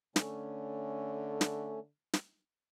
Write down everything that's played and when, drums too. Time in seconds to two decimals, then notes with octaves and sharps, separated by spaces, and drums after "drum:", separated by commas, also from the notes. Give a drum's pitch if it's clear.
0.16 D3 A3 C#4, drum: snare
1.41 drum: snare
2.13 drum: snare